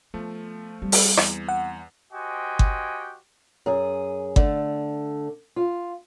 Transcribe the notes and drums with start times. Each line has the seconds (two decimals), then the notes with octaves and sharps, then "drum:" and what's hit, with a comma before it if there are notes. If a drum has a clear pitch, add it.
0.14 F3 A3 B3
0.82 G3 C4
0.92 drum: open hi-hat
1.17 E2, drum: rim click
1.49 F#5
2.13 F#4 G4 C5 D#5 G5 G#5
2.59 drum: kick G1
3.66 F#2 G#4
4.36 D3 A3, drum: kick G1
5.56 F4